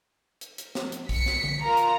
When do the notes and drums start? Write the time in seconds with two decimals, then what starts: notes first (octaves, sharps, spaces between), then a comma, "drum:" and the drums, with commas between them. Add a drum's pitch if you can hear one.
0.41 drum: hi-hat
0.58 drum: hi-hat
0.75 drum: snare
0.92 drum: hi-hat
1.09 B6 C#7, drum: kick, open hi-hat
1.26 drum: snare
1.43 drum: tom D3
1.63 F4 A#4 A#5
1.77 drum: hi-hat